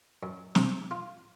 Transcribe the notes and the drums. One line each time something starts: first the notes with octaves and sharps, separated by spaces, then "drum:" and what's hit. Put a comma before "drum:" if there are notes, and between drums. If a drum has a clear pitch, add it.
F#2
C3, drum: snare
F4